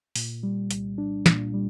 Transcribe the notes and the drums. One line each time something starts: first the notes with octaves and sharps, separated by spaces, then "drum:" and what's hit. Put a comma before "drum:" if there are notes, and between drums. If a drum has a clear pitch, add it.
A#2, drum: open hi-hat
G3
C2, drum: hi-hat
D4
A#2, drum: snare
G3